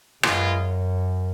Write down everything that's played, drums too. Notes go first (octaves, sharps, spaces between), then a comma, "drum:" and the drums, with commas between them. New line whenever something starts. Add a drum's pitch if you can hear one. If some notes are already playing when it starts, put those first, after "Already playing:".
F#2 G#3 B3 F4, drum: rim click